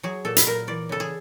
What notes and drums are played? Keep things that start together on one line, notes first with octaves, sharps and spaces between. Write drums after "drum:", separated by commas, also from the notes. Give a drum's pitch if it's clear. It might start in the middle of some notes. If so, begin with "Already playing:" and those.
F#3 G#4
A#2 A4
B4, drum: hi-hat
A#2 A#4
E3 D5
C#3 A4
G#4